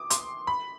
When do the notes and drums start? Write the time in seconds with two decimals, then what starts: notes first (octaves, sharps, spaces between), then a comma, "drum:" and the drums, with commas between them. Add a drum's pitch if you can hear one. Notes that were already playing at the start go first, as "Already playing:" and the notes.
Already playing: D6 D#6
0.10 C6, drum: hi-hat
0.47 B5